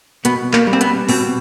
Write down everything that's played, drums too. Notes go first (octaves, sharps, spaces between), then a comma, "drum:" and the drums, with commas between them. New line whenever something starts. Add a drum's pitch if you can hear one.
B2 B3, drum: hi-hat
A#3, drum: clap
G3
C4
B3, drum: hi-hat
B2 C4, drum: open hi-hat